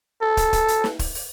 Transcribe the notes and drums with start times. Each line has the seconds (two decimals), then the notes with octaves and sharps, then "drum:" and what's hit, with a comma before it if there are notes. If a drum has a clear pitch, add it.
0.22 A4
0.37 drum: kick, hi-hat
0.53 drum: kick, hi-hat
0.68 drum: hi-hat
0.84 drum: snare
0.99 drum: kick, open hi-hat
1.15 drum: open hi-hat